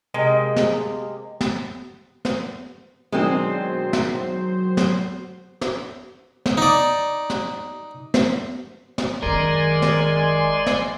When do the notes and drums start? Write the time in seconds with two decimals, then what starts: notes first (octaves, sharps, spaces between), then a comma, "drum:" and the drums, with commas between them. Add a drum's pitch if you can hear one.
0.14 C3 G#3 A#3 D#5
0.56 drum: snare
1.41 drum: snare
2.25 drum: snare
3.12 B2 D#3 F#3 G#3 C4 D4 C5
3.93 drum: snare
4.77 drum: snare
5.61 drum: snare
6.46 drum: snare
6.58 D#4 D5
7.30 drum: snare
8.14 drum: snare
8.98 drum: snare
9.23 F#1 D#3 G#3 A#4 D5 G#5 C6
9.82 drum: snare
10.66 drum: snare